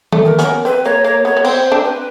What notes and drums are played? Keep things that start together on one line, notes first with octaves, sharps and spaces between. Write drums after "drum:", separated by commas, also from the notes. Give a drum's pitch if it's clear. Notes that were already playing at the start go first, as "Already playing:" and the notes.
A3, drum: tom D#3
A#4
B3 C#4, drum: hi-hat
C4 B4
A#3 C#5
A#3 C#5
B3 C#5
B3
C4 C5, drum: cymbal
C4 D4
B4